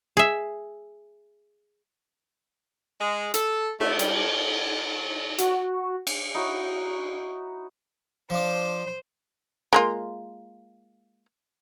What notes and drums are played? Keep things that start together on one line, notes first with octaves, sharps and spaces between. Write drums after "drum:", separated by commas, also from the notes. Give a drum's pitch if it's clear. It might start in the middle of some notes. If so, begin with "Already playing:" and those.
G#4 E5
G#3
A4, drum: hi-hat
A3, drum: cymbal
G3, drum: hi-hat
F#4, drum: hi-hat
drum: cymbal
D#4 E4 F#4 C#5
F3 D4 C5
G#3 A#3 F4